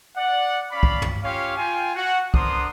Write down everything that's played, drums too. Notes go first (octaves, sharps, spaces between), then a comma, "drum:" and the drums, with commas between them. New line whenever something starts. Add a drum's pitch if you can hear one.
D5 F#5
C#4 D5 F5 B5
drum: kick
drum: tom
C#4 F4 G4 C#5 F5
F4 G5 G#5
F#4 F#5
B3 D4 A#4 C5 C6 D#6, drum: kick